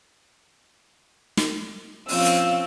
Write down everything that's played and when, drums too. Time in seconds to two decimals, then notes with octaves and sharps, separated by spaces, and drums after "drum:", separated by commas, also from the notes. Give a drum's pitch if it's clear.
1.37 drum: snare
2.08 F3 C4 C#4 F5 E6, drum: open hi-hat
2.25 drum: hi-hat